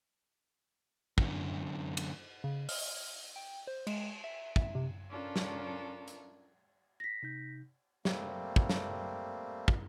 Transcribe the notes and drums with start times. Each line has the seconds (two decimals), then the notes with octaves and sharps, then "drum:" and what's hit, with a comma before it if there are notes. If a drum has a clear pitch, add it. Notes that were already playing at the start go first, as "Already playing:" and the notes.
1.18 F#2 D3, drum: kick
1.97 drum: cymbal
2.44 C#3
2.69 F6, drum: open hi-hat
3.36 G5
3.67 C5
3.87 G#3, drum: cymbal
4.24 E5
4.56 E5, drum: kick
4.75 C3
5.10 C#4 D4 F4 A4 A#4
5.36 drum: snare
6.08 drum: hi-hat
7.00 A#6 B6
7.23 C3 D#4 G6
8.05 G3 A3 A#3 C4, drum: snare
8.56 drum: kick
8.69 drum: snare
9.68 drum: kick